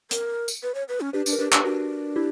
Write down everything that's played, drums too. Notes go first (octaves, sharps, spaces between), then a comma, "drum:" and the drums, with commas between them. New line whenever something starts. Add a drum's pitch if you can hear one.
A#4, drum: hi-hat
drum: tambourine
B4
C#5
B4
C#4
D4 G4 B4
D4, drum: tambourine
A#4
D4 G4 B4
D4, drum: clap
B4
D4 F#4 A#4
E4 G4